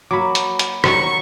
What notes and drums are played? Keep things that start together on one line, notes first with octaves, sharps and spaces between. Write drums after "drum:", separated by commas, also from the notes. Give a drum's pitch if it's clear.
F#3 A#3 B5 D6
drum: hi-hat
drum: hi-hat
D#3 F#3 C#6, drum: rim click